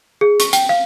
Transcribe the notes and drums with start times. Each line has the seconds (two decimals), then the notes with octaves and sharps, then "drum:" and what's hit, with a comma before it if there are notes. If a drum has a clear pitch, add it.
0.21 G#4
0.40 C#6, drum: hi-hat
0.53 G5, drum: hi-hat
0.69 F5